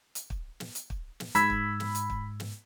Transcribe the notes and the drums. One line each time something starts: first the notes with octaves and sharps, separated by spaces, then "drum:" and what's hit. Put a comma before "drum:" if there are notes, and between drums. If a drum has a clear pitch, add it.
drum: hi-hat
drum: kick
drum: snare
drum: hi-hat
drum: kick
drum: snare
G#2 B5 E6 G#6 B6, drum: hi-hat
drum: kick
drum: snare
drum: hi-hat
drum: kick
drum: snare